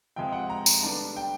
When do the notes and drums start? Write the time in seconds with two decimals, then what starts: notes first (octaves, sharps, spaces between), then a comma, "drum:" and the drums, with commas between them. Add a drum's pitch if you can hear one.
0.16 C3 F3 G#3 G5
0.32 F#5
0.50 A#5
0.66 A#5, drum: tambourine
0.83 D3 G3 B3 D4 A5
1.16 G5